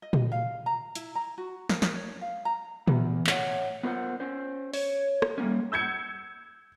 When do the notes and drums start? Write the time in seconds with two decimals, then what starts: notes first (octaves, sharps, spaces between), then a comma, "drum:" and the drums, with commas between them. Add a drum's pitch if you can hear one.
0.02 D#5
0.13 drum: tom A#2
0.32 F5
0.66 A#5
0.95 E4, drum: hi-hat
1.15 A#5
1.38 F#4
1.69 A#4, drum: snare
1.82 drum: snare
1.95 C#5
2.21 F5
2.45 A#5
2.88 E3 B3, drum: tom A#2
3.27 A2 C#5 F#5, drum: clap
3.83 B3 F4 A#4 C5 F#5
4.20 C#4 C5
4.74 C#5, drum: open hi-hat
5.22 drum: rim click
5.38 G3 A#3 C#4
5.72 E6 G6 G#6 C#7